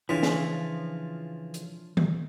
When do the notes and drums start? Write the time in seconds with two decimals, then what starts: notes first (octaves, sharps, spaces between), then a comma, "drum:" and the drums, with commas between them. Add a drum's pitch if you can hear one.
0.09 C#3 E3 F3 D4 F4 C6 B6
0.23 drum: snare
1.54 drum: hi-hat
1.97 drum: tom D#3